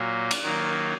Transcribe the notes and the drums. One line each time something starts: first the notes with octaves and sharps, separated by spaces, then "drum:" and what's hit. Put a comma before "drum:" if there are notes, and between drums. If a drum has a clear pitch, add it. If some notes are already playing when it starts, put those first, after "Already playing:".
Already playing: A#2 F#3 A#3
drum: cymbal
D#3 F#3 A#3